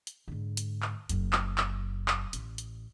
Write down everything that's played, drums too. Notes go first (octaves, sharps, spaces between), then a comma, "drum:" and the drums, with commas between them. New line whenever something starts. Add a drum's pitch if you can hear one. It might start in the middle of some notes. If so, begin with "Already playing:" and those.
drum: hi-hat
G#2 D3
drum: hi-hat
drum: clap
F#1 F#2, drum: hi-hat
drum: clap
drum: clap
drum: clap
A1, drum: hi-hat
drum: hi-hat